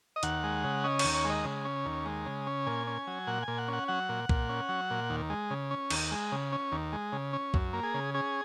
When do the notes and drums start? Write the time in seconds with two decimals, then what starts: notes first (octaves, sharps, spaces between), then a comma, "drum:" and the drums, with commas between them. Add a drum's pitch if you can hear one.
0.16 D#5
0.23 D#2 F#5, drum: hi-hat
0.44 G#3
0.64 C#3
0.84 C#4 D#5
0.99 D#2 C#5, drum: cymbal
1.14 C#5
1.25 G#3 D#5
1.44 C#3
1.65 C#4
1.85 D#2
2.05 G#3
2.26 C#3
2.47 C#4
2.67 A#2 G#5
2.87 C#4
3.07 F#3
3.27 A#2 F#5
3.42 G#5
3.48 A#2
3.58 F#5
3.68 C#4 F#5
3.88 F#3 F#5
4.09 A#2
4.29 A#2, drum: kick B1
4.49 C#4
4.69 F#3
4.90 A#2
5.10 D#2
5.30 G#3
5.50 C#3
5.71 C#4
5.90 D#2, drum: cymbal
6.12 G#3
6.32 C#3
6.52 C#4
6.72 D#2
6.93 G#3
7.13 C#3
7.33 C#4
7.54 F#2, drum: kick B1
7.73 A#3
7.83 G#4
7.94 C#3
8.14 C#4 G#4